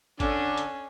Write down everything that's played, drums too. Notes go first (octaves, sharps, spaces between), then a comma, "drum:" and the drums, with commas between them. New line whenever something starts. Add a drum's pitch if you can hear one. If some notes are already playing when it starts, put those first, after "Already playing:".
D3 C#4 D4, drum: kick G1, hi-hat
drum: hi-hat